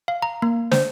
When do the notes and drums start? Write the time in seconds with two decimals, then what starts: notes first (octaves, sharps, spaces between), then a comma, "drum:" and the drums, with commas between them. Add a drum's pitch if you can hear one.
0.08 F5
0.22 A#5
0.42 A#3
0.72 C5, drum: snare